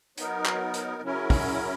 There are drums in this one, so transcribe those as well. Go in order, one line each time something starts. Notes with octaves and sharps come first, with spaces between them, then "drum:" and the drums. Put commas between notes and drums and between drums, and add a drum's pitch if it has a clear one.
F#3 B3 D#4 A#4, drum: hi-hat
drum: clap
drum: hi-hat
C#3 F#3 C#4 E4 A#4
drum: kick, open hi-hat